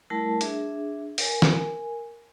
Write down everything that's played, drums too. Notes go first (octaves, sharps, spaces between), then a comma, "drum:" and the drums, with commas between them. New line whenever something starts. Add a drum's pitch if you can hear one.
G3 A3 E4 A#4 A5
D4 G#4 E5, drum: hi-hat
A#4 G#5, drum: open hi-hat
drum: snare